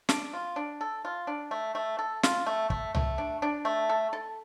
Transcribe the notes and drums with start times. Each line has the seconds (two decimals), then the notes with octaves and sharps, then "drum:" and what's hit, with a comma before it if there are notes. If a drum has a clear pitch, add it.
0.09 D4, drum: snare
0.33 F4
0.56 D4
0.81 A4
1.05 F4
1.27 D4
1.51 A3
1.75 A3
1.99 A4
2.23 F4, drum: snare
2.46 A3
2.70 A3, drum: kick
2.95 A3, drum: tom C2
3.18 D4
3.42 D4
3.65 A3
3.89 A4
4.13 A4